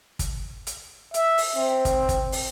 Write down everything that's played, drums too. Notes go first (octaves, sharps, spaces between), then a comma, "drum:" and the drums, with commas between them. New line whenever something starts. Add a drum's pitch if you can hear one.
drum: kick, hi-hat
drum: hi-hat
E5, drum: hi-hat
drum: open hi-hat
C4
drum: kick, hi-hat
drum: kick, hi-hat
drum: open hi-hat